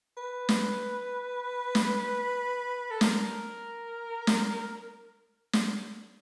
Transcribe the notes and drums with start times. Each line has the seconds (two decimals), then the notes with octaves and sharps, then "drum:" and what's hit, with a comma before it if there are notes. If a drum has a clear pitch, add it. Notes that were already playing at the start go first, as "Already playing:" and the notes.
0.17 B4
0.49 drum: snare
1.75 drum: snare
2.91 A4
3.01 A#4, drum: snare
4.27 drum: snare
5.53 drum: snare